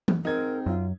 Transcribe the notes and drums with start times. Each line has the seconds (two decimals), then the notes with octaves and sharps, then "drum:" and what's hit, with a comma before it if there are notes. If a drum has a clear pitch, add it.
0.08 drum: tom E3
0.25 G#2 C4 D#4 A#4 G#6
0.66 F#2 F4